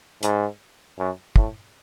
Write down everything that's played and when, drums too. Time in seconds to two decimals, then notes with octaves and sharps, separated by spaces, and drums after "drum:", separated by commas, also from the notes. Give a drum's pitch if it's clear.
0.23 G#2, drum: hi-hat
0.98 F#2
1.36 A2, drum: kick